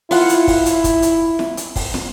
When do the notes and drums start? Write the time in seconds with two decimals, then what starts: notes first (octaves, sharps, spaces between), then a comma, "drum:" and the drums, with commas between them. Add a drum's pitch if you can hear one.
0.11 E4 F4 F#5, drum: open hi-hat
0.29 drum: hi-hat
0.47 drum: kick, open hi-hat
0.66 drum: hi-hat
0.84 drum: kick, hi-hat
1.02 drum: hi-hat
1.39 drum: snare
1.57 drum: hi-hat
1.76 drum: kick, open hi-hat
1.94 drum: snare